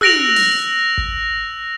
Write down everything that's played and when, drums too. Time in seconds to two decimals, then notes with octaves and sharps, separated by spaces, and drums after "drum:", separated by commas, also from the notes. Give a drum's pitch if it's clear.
0.01 E6 F#6 A#6 D7 F7, drum: tom
0.36 drum: open hi-hat
0.98 drum: kick